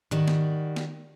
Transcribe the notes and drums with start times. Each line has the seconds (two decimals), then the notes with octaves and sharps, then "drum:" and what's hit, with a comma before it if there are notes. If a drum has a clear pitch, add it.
0.11 D#3 G3 F#4, drum: tom G#2
0.28 drum: snare
0.76 drum: snare